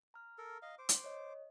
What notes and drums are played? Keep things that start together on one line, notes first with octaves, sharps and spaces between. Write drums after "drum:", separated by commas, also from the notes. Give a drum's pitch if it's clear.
A#5 F6
A4 A#4
D#5 F5
C5 D6
drum: hi-hat
C#5 D#5